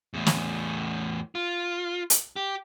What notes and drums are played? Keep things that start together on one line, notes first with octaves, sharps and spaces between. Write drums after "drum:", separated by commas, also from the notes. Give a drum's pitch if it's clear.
E2 A2
drum: snare
F4
drum: hi-hat
G4